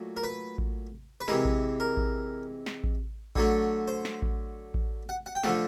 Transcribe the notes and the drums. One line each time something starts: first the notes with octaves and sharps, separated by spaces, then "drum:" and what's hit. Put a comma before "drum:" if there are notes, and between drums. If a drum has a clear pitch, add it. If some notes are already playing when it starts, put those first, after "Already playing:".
Already playing: A#2 F#3 A3
A#4
B4
drum: kick A1
B4
C3 E3 G#3 A#4, drum: snare
drum: kick A1
A#4
drum: kick A1
drum: snare
drum: kick A1
D3 F#3 A3, drum: kick A1
C5
drum: snare
drum: kick A1
drum: kick A1
F#5
F#5
G5
D3 F3 A3 F#5, drum: snare